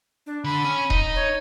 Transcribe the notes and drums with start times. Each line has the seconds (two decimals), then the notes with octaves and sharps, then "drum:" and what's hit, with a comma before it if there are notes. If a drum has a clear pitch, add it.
0.26 D4
0.44 D3 B5
0.65 C#4
0.90 D#4, drum: kick D#1
1.15 C#5